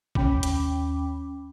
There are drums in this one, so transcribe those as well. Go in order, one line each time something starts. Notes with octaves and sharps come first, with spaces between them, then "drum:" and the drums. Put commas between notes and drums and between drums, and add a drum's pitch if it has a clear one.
D#2 C#4 G5 B5 D6, drum: kick
drum: hi-hat